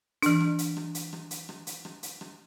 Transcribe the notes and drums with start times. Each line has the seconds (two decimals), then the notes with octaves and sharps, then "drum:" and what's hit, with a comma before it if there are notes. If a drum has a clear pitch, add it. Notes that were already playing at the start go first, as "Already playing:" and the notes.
0.22 E3 D4, drum: hi-hat
0.41 drum: rim click
0.59 drum: hi-hat
0.77 drum: rim click
0.95 drum: hi-hat
1.13 drum: rim click
1.31 drum: hi-hat
1.49 drum: rim click
1.67 drum: hi-hat
1.85 drum: rim click
2.03 drum: hi-hat
2.21 drum: rim click